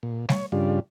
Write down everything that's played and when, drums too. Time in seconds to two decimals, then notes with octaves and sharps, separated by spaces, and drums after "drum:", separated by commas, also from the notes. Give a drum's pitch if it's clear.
0.03 A#2
0.29 C#5, drum: snare G3
0.52 G2 C#3 G3 D4 F4